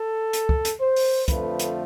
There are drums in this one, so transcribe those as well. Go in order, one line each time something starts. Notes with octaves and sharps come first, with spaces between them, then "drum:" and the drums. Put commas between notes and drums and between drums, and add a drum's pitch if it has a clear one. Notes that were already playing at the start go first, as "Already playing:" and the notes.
Already playing: A4
drum: hi-hat
drum: kick
drum: hi-hat
C5
drum: open hi-hat
F2 D3 F3 A3 B4, drum: kick, hi-hat
drum: hi-hat